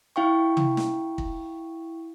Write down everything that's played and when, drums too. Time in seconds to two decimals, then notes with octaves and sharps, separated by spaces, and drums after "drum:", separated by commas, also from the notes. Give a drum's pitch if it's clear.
0.16 E4 F5 G5 C#6
0.57 drum: tom
0.77 drum: snare
1.18 drum: kick